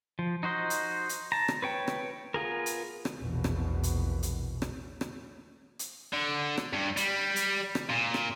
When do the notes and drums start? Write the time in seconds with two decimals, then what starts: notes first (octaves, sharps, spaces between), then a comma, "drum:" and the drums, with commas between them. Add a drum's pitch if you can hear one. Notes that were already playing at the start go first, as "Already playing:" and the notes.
0.19 F3
0.43 D#4 F#4 C5 D#5
0.70 drum: hi-hat
1.09 drum: hi-hat
1.32 A5 A#5
1.48 drum: rim click
1.62 B4 C#5 G5
1.88 drum: rim click
2.34 B3 F4 G#4 A#4
2.66 drum: hi-hat
3.05 drum: rim click
3.19 A#1 E2 B2
3.44 drum: rim click
3.83 drum: hi-hat
4.23 drum: hi-hat
4.62 drum: rim click
5.01 drum: rim click
5.79 drum: hi-hat
6.13 D3
6.58 drum: rim click
6.73 G2
6.97 G3, drum: hi-hat
7.36 drum: hi-hat
7.75 drum: rim click
7.90 A#2
8.14 drum: rim click